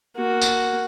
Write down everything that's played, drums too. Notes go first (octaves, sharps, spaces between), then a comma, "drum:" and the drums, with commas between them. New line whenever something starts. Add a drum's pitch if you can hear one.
A#3 F#4
drum: tambourine